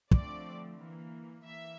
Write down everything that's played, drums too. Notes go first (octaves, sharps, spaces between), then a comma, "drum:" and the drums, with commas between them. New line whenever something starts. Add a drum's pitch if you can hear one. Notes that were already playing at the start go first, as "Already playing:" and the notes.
D3 F3 A3 C4 D5, drum: kick
E3 A#3
E3 A#3 E5